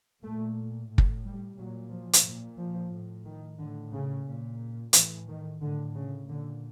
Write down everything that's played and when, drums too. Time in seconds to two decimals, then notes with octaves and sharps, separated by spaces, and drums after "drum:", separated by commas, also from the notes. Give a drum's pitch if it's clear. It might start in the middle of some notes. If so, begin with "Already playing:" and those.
0.23 A#2 A3
0.89 A2
0.98 drum: kick
1.24 G3
1.56 A#2 F#3
1.91 F3
2.13 drum: hi-hat
2.24 A#2
2.58 F3
2.91 A2
3.25 D#3
3.58 A2 D3
3.92 C#3
4.26 A#2
4.93 A2 E3, drum: hi-hat
5.27 D#3
5.61 A2 D3
5.94 C#3
6.29 A#2 D3